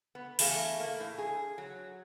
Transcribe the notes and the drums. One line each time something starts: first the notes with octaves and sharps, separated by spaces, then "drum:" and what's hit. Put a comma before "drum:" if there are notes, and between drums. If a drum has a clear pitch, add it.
B3
E2 A3 G#4 F5, drum: open hi-hat
A#3
A2
G#4
F#3